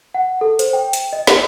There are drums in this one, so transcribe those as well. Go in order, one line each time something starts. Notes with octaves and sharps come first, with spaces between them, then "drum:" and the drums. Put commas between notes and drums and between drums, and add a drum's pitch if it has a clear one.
F#5
A4
C5, drum: hi-hat
G5
drum: hi-hat
D#5
drum: snare